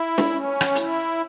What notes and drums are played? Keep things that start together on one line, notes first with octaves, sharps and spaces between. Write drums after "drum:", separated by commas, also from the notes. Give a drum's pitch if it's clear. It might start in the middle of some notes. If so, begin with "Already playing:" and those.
Already playing: E4
drum: snare
C#4
drum: rim click
E4, drum: hi-hat